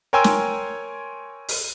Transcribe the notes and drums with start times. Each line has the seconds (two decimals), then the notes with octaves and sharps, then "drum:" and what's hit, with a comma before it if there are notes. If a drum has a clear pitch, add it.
0.13 A#4 C#5 G5 G#5 C6 E6
0.24 drum: snare
1.49 drum: open hi-hat